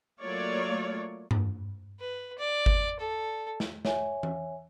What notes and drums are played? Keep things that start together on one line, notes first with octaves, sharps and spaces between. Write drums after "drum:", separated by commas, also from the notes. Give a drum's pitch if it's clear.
F#3 A3 A#3 F4 C#5 D5
drum: tom G2
B4
D5
drum: kick G1
A4
drum: snare
C#5 E5 G#5, drum: snare
drum: tom E3